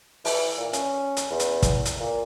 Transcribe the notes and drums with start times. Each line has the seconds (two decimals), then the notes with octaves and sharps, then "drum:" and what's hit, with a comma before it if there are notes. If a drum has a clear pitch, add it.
0.25 E3, drum: open hi-hat
0.58 A#2
0.73 C#4, drum: hi-hat
1.17 drum: hi-hat
1.31 E2
1.40 drum: hi-hat
1.62 drum: kick, hi-hat
1.85 drum: hi-hat
2.00 A#2